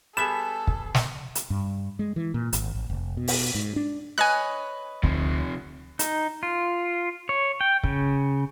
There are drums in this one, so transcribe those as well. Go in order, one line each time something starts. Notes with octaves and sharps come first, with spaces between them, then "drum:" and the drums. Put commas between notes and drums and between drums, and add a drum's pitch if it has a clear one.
G3 B3 G#4 A4 E5 B5 E7
drum: kick
drum: snare
drum: hi-hat
G2
G#3
E3
A#2
G#1, drum: hi-hat
A1
F1
B2
drum: open hi-hat
G#2
D4
B4 C#5 D#5 G#5 F#6
D2 C3 F3, drum: kick
D#4, drum: hi-hat
F4
C#5
G5
C#3, drum: kick